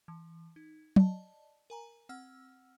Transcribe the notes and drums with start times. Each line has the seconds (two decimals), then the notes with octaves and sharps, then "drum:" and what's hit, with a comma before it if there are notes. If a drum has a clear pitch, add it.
0.08 E3
0.56 D#4
0.96 D5 D#5 A5, drum: tom
1.70 A#4 G#5 A#5
2.09 C4 F#5 E6 F6